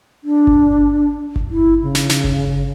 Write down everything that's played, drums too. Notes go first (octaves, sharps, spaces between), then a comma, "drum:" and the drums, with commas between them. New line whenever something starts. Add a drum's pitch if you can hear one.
D4
drum: kick G1
drum: kick G1
E4
C#3
drum: snare
drum: snare
drum: kick G1